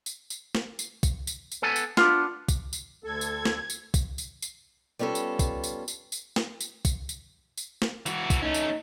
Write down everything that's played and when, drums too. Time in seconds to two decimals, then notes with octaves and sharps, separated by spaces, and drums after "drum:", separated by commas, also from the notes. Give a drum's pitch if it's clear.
0.06 drum: tambourine
0.30 drum: tambourine
0.55 drum: snare
0.79 drum: tambourine
1.03 drum: kick, tambourine
1.27 drum: tambourine
1.52 drum: tambourine
1.62 B3 A4 G#5
1.76 drum: tambourine
1.97 B3 D4 F4, drum: snare
2.48 drum: kick, tambourine
2.73 drum: tambourine
3.04 D2 A4 G#6
3.21 drum: tambourine
3.45 drum: snare
3.70 drum: tambourine
3.94 drum: kick, tambourine
4.18 drum: tambourine
4.42 drum: tambourine
4.99 G3 B3 C#4 F4 A4
5.15 drum: tambourine
5.39 drum: kick, tambourine
5.64 drum: tambourine
5.88 drum: tambourine
6.12 drum: tambourine
6.36 drum: snare
6.61 drum: tambourine
6.85 drum: kick, tambourine
7.09 drum: tambourine
7.57 drum: tambourine
7.82 drum: snare
8.06 E3 F#4, drum: tambourine
8.30 drum: kick, tambourine
8.42 A3 C#4 D#4
8.54 drum: tambourine